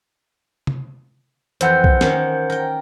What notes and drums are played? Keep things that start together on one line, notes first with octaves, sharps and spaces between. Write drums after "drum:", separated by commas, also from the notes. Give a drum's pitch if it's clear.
drum: tom
F2 E3 C5 F#5 G6, drum: hi-hat
drum: kick
D#3 A#3 C#4, drum: snare
A#4 G5